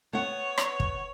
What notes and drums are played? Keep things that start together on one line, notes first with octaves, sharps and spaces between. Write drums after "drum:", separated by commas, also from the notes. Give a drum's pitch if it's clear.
B3 C#5 F#5
drum: rim click
drum: kick